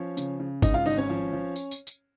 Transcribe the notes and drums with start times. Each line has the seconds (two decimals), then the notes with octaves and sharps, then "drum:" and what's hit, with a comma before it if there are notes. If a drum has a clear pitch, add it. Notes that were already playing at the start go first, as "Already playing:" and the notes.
Already playing: F3 C#4 C#5
0.17 C#3, drum: tambourine
0.40 C#3
0.62 G#2 D#4 D#5, drum: kick, tambourine
0.74 F4 F5
0.86 G#1 D#4 D#5
0.97 C#4 C#5
1.09 F3
1.33 F3
1.56 drum: tambourine
1.71 drum: tambourine
1.87 drum: tambourine